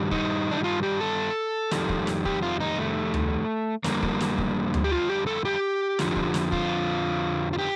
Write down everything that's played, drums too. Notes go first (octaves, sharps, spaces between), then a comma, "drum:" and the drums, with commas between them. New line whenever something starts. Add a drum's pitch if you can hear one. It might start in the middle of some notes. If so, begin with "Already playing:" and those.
Already playing: G2 D#3 G3
D#4, drum: kick
D4
D#4
F4
G4
A4
F2 D#3 G3, drum: snare
drum: kick
drum: snare
G4, drum: kick
F4
D#4
A3
drum: tom D2
F2 D3 G3 A#3, drum: snare
drum: kick
drum: snare
drum: kick
drum: tom D2
G4
F4
G4
A4
G4
F2 D3 F3, drum: snare
drum: kick
drum: snare
F4, drum: kick
F4
G4